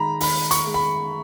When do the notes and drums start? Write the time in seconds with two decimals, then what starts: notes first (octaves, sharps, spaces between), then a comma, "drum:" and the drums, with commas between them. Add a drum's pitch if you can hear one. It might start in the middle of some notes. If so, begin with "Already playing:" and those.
Already playing: D#3 G#3 A#5 B5
0.20 D#3 B5, drum: open hi-hat
0.51 C#6, drum: hi-hat
0.67 G#3
0.74 B5